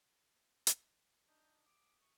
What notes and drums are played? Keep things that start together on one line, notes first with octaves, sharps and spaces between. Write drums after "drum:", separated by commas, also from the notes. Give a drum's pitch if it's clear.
drum: hi-hat
D4 D#4 D#5 G6
D6 D#6
C#6